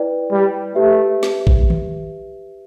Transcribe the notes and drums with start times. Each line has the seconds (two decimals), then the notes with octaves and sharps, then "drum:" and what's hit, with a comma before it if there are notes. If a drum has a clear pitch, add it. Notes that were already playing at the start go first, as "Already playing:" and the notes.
Already playing: E4 B4 D5 G5
0.31 G3
0.75 A3 G4 B4 E5
1.23 drum: snare
1.47 drum: kick A1
1.70 drum: tom D#3